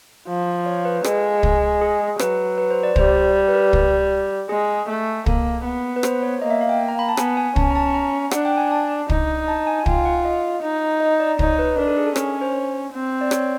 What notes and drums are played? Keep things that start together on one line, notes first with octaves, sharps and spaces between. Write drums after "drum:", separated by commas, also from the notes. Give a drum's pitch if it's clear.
F3
C#5
B4
G#3 A4, drum: rim click
drum: kick
G#4
F#3 B4, drum: rim click
B4
C5
D5
G3 C5, drum: kick
B4
A#4
drum: kick
G#3 G#4
A3
A#3 A4, drum: kick
B3
B4
C5, drum: rim click
C#5
A#3 D#5
E5
F5
G5
G5
A#5
B5
A5
B3 G#5, drum: rim click
G#5
C#4 A5, drum: kick
A#5
A5
A#5
D4 F#5, drum: rim click
G5
G#5
A5
D#4, drum: kick
A5
G#5
G#5
F4 G5, drum: kick
F#5
D#5
D#4
D#5
D5
D#4 C#5, drum: kick
B4
D4 A#4
A4
G#4
A4
C#4 A#4, drum: rim click
C#5
C5
C4
D5
C#5, drum: rim click